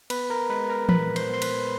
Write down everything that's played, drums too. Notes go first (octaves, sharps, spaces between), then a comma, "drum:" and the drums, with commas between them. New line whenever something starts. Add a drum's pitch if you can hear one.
B3 B4 B5, drum: cymbal
A#4 A#5
G#3 B4 B5
A#4 A#5
A#2 B4 B5, drum: tom E3
C5 C6, drum: cymbal
B3 C6
B4 B5, drum: cymbal